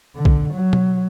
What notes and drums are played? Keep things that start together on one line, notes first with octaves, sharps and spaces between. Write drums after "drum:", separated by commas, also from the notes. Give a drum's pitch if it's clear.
D3
drum: kick B1
F#3
drum: tom B2